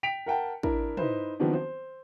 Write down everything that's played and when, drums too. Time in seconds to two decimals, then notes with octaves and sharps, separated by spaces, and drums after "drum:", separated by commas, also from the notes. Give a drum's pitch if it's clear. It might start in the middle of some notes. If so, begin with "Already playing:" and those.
0.03 G5 B6 D7 F7
0.26 A#4 F#5 G5 A5
0.63 D4 E4 A#4, drum: kick
0.97 D#4 E4 B4 C5, drum: tom
1.40 D#3 F3 F#3 B3 C4 D4
1.54 C5